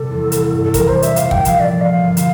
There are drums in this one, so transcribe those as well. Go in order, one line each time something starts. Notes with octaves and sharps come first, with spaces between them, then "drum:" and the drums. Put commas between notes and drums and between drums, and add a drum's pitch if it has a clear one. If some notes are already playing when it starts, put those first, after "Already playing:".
Already playing: C3 G3 A4
E2
A1, drum: hi-hat
G2
A4
E3 A#4, drum: kick, hi-hat
C5
G3
E5, drum: hi-hat
A#2 F5, drum: hi-hat
G5, drum: kick
F3
F5, drum: hi-hat
A3 D5
A#2 F5
G1
drum: hi-hat